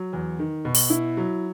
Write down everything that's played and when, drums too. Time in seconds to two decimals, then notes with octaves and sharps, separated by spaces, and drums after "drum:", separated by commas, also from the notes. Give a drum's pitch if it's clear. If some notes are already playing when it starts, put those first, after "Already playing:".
Already playing: F#3
0.13 E2
0.39 D#3
0.65 B2
0.75 drum: open hi-hat
0.90 E4
1.17 F#3